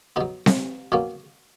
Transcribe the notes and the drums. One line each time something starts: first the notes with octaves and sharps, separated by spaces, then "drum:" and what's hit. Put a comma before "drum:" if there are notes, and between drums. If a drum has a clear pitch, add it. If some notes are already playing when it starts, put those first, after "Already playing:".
B2 F#3 B3 D#4
drum: snare C4
B2 F#3 A#3 C#4